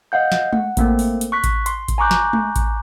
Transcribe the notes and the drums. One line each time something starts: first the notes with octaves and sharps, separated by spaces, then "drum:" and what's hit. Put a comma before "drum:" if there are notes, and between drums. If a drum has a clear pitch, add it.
D#5 F5 F#5 G6
drum: snare
F#5, drum: tom G#3
A3 A#3 C4, drum: kick A1, hi-hat
drum: open hi-hat
drum: hi-hat
C#6 F#6 B6
drum: kick A1, hi-hat
C6, drum: hi-hat
drum: kick A1, hi-hat
G#5 A#5 C#6 D6 F#6 G6
drum: snare
drum: tom G#3
drum: kick A1, hi-hat